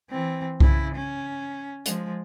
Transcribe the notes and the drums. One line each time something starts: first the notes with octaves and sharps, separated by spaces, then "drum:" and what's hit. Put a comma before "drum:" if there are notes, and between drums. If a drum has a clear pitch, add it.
E3 C4
C#3 E4, drum: kick C2
C#4
F3 G#3, drum: hi-hat